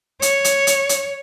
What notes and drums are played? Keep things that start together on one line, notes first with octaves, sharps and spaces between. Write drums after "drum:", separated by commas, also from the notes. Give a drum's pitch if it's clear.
C#5, drum: hi-hat
drum: hi-hat
drum: hi-hat
drum: hi-hat